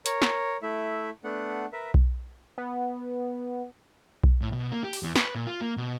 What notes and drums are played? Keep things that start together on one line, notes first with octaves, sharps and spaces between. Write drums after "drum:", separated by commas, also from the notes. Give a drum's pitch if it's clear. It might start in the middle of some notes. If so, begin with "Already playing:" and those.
A#4 C#5, drum: hi-hat
drum: snare
A3 E4 E5
A3 B3 D4 F#5
A#4 B4 E5
drum: kick B1
B3
drum: kick B1
A2
B2
A#3
G4
drum: open hi-hat
E2
B4, drum: snare
A#2
F4
A#3
B2